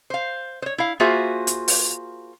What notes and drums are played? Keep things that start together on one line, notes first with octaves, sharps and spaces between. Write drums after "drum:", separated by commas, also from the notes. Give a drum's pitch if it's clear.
C5 F5
C5 C#5
E4 F5
A#3 F4 F#4 G#4 C5 E5
drum: hi-hat
drum: open hi-hat